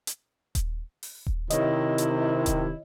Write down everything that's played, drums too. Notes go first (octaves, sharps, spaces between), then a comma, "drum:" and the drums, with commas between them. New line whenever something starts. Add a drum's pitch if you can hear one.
drum: hi-hat
drum: kick D#1, hi-hat
drum: open hi-hat
drum: kick D#1
C3 D#3 E4 C#5 D#5, drum: hi-hat
drum: hi-hat
drum: kick D#1, hi-hat